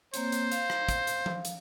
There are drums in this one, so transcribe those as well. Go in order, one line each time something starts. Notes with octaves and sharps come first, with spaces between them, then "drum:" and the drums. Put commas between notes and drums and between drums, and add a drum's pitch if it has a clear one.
A#3 C4 C5 C#5, drum: hi-hat
drum: hi-hat
F5, drum: hi-hat
drum: rim click
drum: kick, hi-hat
drum: hi-hat
drum: tom F3
drum: hi-hat